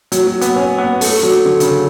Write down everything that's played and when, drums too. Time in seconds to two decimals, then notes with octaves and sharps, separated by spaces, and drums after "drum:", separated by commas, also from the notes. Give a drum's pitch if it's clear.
0.12 F#3, drum: hi-hat
0.27 F#3
0.41 B3, drum: hi-hat
0.56 C#4
0.78 B3
1.01 A3, drum: open hi-hat
1.23 F#3
1.45 D3
1.60 C#3, drum: hi-hat